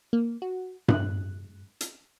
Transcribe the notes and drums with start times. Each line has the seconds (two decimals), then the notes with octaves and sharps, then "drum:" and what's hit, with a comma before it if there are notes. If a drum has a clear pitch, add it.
0.13 A#3
0.42 F#4
0.88 F#6, drum: tom G2
1.81 drum: hi-hat